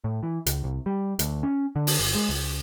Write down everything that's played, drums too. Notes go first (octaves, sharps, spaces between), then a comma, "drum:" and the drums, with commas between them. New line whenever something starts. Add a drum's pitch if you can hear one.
A2
E3
C#2, drum: hi-hat
C2
G3
D2, drum: hi-hat
C#4
D3
drum: open hi-hat
G1
G#3
C#2